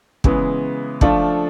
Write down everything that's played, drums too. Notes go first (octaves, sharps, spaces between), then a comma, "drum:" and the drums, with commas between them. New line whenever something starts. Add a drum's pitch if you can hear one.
C#3 E3 G#3 B3, drum: kick
F3 A3 D4 F4 A4, drum: kick